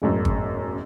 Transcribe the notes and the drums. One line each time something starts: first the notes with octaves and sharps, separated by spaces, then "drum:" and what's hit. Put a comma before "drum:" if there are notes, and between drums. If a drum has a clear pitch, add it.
E1 A1 F#2
drum: kick